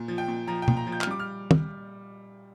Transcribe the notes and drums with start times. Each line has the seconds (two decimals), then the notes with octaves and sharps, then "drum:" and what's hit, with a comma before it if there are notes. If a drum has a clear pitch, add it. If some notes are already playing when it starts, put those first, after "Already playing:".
Already playing: A#2
0.08 F3
0.18 G5
0.28 A#2
0.47 F3 A#5
0.62 G5
0.68 A#2, drum: tom
0.77 A#5
0.87 F3
0.92 G6
1.01 F6, drum: clap
1.07 G3 D6
1.20 F6
1.51 drum: tom